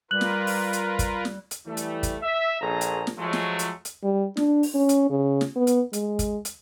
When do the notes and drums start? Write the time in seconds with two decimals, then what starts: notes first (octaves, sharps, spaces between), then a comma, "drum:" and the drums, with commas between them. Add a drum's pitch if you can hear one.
0.11 G3 F4 A#4 B4 F#6 F#7
0.21 drum: snare
0.47 drum: open hi-hat
0.73 drum: hi-hat
0.99 drum: kick, hi-hat
1.25 drum: snare
1.51 drum: hi-hat
1.66 E3 G3 A3
1.77 drum: hi-hat
2.03 drum: kick, hi-hat
2.22 E5
2.61 A#1 G#4 A4 A#5
2.81 drum: hi-hat
3.07 drum: snare
3.18 F3 F#3 G#3 A3
3.33 drum: snare
3.59 drum: hi-hat
3.85 drum: hi-hat
4.04 G3
4.37 D4, drum: snare
4.63 drum: open hi-hat
4.75 C#4
4.89 drum: hi-hat
5.10 C#3
5.41 drum: snare
5.56 B3
5.67 drum: hi-hat
5.93 G#3, drum: hi-hat
6.19 drum: kick, hi-hat
6.45 drum: hi-hat